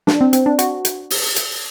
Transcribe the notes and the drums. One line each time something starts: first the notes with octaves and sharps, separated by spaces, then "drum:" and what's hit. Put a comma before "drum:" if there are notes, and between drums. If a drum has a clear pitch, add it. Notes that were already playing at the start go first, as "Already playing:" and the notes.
D4, drum: snare
C4
C4, drum: hi-hat
D4
F#4, drum: hi-hat
drum: hi-hat
drum: open hi-hat
drum: hi-hat